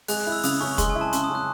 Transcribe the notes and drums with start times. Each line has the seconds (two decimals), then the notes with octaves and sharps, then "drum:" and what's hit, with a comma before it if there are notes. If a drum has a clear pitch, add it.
0.08 G#3 F#6, drum: open hi-hat
0.20 F#6
0.27 E4
0.32 E6
0.44 C#3 D#6, drum: open hi-hat
0.60 C#4 C#6
0.78 G#3 C6, drum: kick, hi-hat
0.90 G#5
0.95 E4
1.01 A5
1.13 C#3 C6, drum: hi-hat
1.24 D#6
1.30 C#4
1.35 F#6